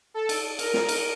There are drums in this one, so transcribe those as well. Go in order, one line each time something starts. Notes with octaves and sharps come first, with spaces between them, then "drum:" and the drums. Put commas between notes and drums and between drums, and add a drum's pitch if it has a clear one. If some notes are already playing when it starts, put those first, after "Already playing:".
A4
drum: cymbal
A#4, drum: cymbal
drum: snare
drum: cymbal